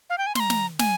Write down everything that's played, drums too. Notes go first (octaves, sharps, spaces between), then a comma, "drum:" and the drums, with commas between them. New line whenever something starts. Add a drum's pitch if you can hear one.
F5
G5
G#5
C6, drum: snare
A#5
drum: snare
G#5, drum: snare